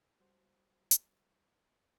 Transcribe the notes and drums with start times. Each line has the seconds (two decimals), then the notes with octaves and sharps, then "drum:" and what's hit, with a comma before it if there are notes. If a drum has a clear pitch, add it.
0.20 G3 F#4 C5
0.91 drum: hi-hat